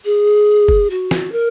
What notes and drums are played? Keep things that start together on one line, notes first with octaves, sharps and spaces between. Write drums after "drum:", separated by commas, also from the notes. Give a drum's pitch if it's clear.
G#4
drum: kick F#1
F#4
drum: snare
A#4